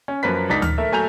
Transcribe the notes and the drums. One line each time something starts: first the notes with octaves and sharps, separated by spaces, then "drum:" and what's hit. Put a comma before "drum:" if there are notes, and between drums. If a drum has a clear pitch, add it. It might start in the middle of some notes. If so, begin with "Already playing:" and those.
C#4
F#2 F3 A#4 B4 B6
C#2 D4 D#4 A#5 A6 B6
F6, drum: tom D2
A3 A#4 E5
F#3 A3 G#5 A#5 G6 F7